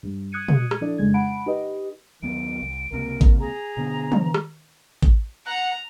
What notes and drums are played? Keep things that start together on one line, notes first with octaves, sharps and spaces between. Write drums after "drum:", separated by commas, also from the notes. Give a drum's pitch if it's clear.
G2 G3
D#6 F#6 G#6 C#7 D#7
drum: tom
drum: rim click
F3 D4 E4 A4 D5
F2 C#3 G#3 G#6
F#5 A5 B5 D7
D#4 G4 B4 D#5
D#2 D#3 F#3 B3 D7
C2
C#2 C3 A#3 A#4
drum: kick A1
G#4 A#5
B2 D3 B3
drum: tom
drum: rim click
drum: kick A1
F#5 A#5